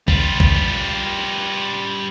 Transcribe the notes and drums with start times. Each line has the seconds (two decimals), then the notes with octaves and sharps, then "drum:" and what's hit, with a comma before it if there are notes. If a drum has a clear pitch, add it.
0.08 G3 F4, drum: kick B1
0.40 drum: kick B1